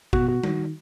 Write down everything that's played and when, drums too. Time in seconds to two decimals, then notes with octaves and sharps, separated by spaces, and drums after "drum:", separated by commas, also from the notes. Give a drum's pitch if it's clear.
0.13 B2 F#4, drum: kick
0.28 F#4
0.44 D#3, drum: tom G3